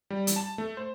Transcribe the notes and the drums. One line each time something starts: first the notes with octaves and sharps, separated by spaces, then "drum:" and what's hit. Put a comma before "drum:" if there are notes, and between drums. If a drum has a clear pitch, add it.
G3
drum: hi-hat
A5
A3
C5